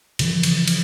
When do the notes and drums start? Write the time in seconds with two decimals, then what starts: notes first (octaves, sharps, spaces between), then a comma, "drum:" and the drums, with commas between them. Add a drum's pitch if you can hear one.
0.19 C#3 E3 F3, drum: cymbal
0.43 drum: cymbal
0.68 drum: cymbal